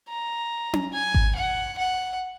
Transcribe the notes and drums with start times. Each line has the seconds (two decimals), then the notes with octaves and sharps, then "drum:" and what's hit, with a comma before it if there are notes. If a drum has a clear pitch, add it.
0.08 A#5
0.73 drum: tom C#4
0.93 G#5
1.14 drum: kick G#1
1.35 F#5
1.78 F#5